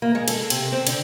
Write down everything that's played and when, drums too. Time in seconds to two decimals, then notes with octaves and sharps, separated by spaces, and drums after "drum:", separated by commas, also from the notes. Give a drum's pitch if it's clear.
0.02 A#3
0.15 G#3
0.28 A4, drum: cymbal
0.50 C3, drum: cymbal
0.72 C4
0.87 D3, drum: cymbal